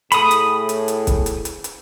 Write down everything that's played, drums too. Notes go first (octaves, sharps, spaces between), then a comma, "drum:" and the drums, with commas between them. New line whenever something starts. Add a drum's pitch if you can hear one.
A2 G#4 A4 B5 D#6, drum: hi-hat
drum: hi-hat
drum: hi-hat
drum: hi-hat
drum: kick, hi-hat
drum: hi-hat
drum: hi-hat
drum: hi-hat